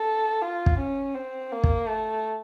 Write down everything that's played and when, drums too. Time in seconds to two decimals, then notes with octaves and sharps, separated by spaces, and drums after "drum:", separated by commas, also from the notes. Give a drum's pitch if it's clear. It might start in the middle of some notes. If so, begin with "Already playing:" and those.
Already playing: A4
0.42 F4
0.66 drum: kick
0.79 C#4
1.15 C4
1.52 A#3
1.64 drum: kick
1.88 A3